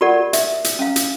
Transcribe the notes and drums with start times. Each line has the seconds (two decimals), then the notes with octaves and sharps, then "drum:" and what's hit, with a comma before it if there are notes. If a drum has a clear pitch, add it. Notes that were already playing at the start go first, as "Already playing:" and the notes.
0.01 F4 G4 A#4 D5 F#5
0.33 E5, drum: hi-hat
0.64 drum: hi-hat
0.79 C#4 F5
0.96 drum: hi-hat